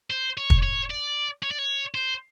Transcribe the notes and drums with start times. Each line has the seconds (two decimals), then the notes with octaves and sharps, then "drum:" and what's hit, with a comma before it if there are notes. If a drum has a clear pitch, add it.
0.10 C5
0.37 C#5
0.50 drum: kick
0.63 C#5
0.90 D5
1.42 C#5
1.51 D5
1.58 C#5
1.94 C5